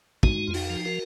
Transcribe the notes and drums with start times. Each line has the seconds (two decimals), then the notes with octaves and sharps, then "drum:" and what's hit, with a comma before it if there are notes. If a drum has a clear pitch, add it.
0.23 G#3 D#4 F#4, drum: kick
0.47 F2 F4
0.54 D#4 F#4, drum: open hi-hat
0.70 F3
0.85 F#4 A#4